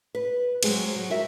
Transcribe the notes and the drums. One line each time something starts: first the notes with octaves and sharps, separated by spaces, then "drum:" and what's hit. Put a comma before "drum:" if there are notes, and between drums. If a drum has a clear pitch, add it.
B4
F#3 G#3 C4, drum: cymbal
F#3
F#4 A#4 E5